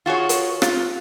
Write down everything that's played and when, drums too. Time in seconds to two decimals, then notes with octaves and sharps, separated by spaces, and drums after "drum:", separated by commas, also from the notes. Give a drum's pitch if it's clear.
0.06 F4 F#4 G#4 C#5
0.29 drum: hi-hat
0.62 F4, drum: rim click